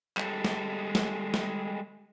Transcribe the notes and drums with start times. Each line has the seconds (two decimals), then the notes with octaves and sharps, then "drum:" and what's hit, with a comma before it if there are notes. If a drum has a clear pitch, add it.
0.17 G3 G#3 A4, drum: clap
0.45 drum: snare
0.95 drum: snare
1.34 drum: snare